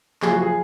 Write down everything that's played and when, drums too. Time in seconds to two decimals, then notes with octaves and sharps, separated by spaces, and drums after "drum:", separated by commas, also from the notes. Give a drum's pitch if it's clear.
0.22 F#1 F#2 F3 G#4, drum: clap
0.32 F#4
0.42 G#4